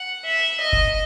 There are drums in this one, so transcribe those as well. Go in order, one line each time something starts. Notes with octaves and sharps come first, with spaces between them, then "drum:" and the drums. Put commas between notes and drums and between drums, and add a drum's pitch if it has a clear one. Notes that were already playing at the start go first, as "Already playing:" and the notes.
Already playing: F#5
E5
D#5
drum: kick F#1